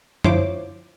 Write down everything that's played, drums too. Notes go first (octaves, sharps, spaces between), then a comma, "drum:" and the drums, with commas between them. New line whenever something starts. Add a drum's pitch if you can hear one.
F3 E4 F4 C5 C#5 D6, drum: tom F#2